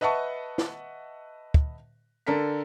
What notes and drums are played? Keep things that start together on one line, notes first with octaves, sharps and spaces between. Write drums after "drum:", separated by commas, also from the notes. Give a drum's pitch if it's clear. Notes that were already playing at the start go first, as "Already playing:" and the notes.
B4 D#5 E5 F#5 A5 C#6
drum: snare
drum: kick
D3 A4 A#4 A#5 B6